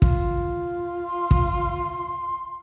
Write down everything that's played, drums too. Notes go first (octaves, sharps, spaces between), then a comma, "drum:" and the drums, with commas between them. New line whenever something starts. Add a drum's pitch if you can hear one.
F4, drum: kick
C6
drum: kick